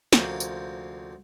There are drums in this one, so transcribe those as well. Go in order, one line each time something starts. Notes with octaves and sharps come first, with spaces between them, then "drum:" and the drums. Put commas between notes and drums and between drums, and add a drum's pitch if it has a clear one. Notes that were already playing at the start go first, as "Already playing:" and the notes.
D2 C3 F3 A#3 C#4, drum: snare
drum: tambourine